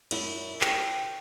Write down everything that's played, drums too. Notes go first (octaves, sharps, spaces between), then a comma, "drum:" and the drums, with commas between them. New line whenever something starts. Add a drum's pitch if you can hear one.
F#2 E4, drum: cymbal
G5, drum: clap